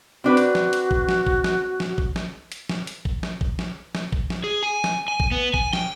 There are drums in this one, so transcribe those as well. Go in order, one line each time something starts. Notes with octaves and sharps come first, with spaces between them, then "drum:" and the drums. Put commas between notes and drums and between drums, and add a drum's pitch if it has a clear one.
C4 D4 F#4 B4
drum: hi-hat
drum: snare
drum: hi-hat
drum: kick
drum: snare
drum: kick
drum: snare
drum: snare
drum: kick
drum: snare
drum: hi-hat
drum: snare
drum: hi-hat
drum: kick
drum: snare
drum: kick
drum: snare
drum: snare
drum: kick
drum: snare
G#4
G#5
drum: snare
G#5
drum: kick
B3
G#5, drum: kick
G5, drum: snare